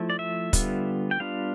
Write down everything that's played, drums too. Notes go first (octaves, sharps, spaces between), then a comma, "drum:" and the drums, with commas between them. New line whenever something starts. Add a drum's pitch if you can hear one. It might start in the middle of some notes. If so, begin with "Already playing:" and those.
Already playing: F3 A3 E4
D5
E5
D3 G3 B3 F4, drum: kick, hi-hat
G5
G3 B3 D4 F4 F5